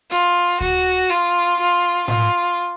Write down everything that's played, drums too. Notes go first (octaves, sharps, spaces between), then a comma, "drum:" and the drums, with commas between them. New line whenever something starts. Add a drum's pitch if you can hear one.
F4, drum: hi-hat
F#4, drum: kick D2
F4
F4
F4, drum: tom A2